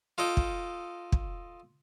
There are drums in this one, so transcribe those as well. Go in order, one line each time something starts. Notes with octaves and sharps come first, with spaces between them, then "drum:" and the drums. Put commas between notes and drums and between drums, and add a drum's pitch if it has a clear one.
F4 A4 D#5 G5
drum: kick
drum: kick